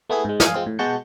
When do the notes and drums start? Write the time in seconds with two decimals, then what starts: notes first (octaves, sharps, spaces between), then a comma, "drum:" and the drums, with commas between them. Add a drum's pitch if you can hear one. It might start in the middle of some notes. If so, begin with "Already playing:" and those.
0.10 A3 B3 E4 G#4
0.25 G#2 G#3
0.40 F5 G#5 D#6, drum: snare
0.55 G#3 C4 F4
0.66 A2
0.79 B2 G#3 F#4 A5 G6 C#7